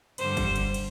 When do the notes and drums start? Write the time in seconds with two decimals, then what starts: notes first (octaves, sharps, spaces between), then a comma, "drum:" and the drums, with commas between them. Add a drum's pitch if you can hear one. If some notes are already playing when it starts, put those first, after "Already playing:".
0.18 G2 D3 G3 C5, drum: cymbal
0.37 drum: kick, cymbal
0.56 drum: cymbal
0.74 drum: cymbal